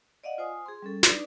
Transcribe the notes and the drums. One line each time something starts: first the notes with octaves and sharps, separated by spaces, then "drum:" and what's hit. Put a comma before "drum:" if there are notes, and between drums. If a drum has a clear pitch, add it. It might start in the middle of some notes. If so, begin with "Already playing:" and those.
D5 D#5 F5 F#5
F4 C5 G#5 D#6
G#4 C6
G3 C#4 A4
D4 D#4 B4 D5, drum: snare